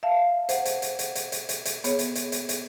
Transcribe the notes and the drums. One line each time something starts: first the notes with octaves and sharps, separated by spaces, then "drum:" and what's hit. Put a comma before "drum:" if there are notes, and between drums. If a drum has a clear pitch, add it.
E5 F5 A5
C5 F#5, drum: hi-hat
drum: hi-hat
drum: hi-hat
drum: hi-hat
drum: hi-hat
drum: hi-hat
drum: hi-hat
drum: hi-hat
B3 G#4 C#5, drum: hi-hat
drum: hi-hat
drum: hi-hat
drum: hi-hat
drum: hi-hat